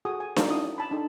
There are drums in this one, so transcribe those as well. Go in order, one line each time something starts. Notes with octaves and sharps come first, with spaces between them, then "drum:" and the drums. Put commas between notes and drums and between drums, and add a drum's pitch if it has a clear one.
F#4 G#4 A4 G#5 D#6
G#5
D4 D#4 D5 F5 A5 A#5, drum: snare D4
C#4 E4 F#4 D#6
A5 B5
D4 D#4 A4